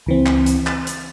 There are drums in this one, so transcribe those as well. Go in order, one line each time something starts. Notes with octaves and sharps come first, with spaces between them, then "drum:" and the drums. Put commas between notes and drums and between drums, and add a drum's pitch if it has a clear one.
C#2 E3 C4
drum: clap
drum: hi-hat
A6, drum: clap
drum: hi-hat